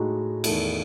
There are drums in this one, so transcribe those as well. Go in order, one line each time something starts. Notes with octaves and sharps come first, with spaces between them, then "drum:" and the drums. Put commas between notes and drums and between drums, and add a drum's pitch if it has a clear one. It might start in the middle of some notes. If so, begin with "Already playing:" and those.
Already playing: A2 G#3 D#4 F#4
E2 D#3 A3 E4, drum: cymbal